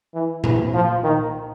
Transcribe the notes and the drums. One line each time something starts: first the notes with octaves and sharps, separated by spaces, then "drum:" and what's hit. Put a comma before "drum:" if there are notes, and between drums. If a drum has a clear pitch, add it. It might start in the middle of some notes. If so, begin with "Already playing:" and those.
E3
E3, drum: tom A#2
F3
D#3